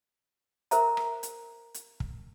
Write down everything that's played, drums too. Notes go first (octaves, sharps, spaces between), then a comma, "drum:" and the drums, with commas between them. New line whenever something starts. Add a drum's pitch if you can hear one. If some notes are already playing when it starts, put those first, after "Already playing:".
A#4 C5 E5 A#5, drum: hi-hat
drum: rim click
drum: hi-hat
drum: hi-hat
drum: kick